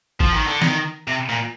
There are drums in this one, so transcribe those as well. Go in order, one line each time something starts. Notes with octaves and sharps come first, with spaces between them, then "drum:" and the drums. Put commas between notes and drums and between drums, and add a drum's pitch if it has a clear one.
F3, drum: kick G#1
D#3
D3
D#3, drum: snare
C3
A#2